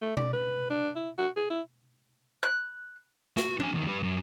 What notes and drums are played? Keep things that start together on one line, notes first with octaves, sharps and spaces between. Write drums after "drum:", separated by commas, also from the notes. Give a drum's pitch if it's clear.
A3
D5, drum: tom B2
B4
D4
E4
F#4
G#4
E4
F#6
F#4, drum: snare
D4 G#5, drum: tom
E2 D#3
G3 B4
F#2